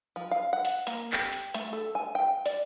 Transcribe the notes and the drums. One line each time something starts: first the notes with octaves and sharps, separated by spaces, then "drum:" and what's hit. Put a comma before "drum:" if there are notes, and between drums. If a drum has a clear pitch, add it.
F3
F5
F#5
drum: hi-hat
A#3, drum: hi-hat
G4, drum: clap
drum: hi-hat
A3, drum: hi-hat
A4
G#5
G5
D5, drum: hi-hat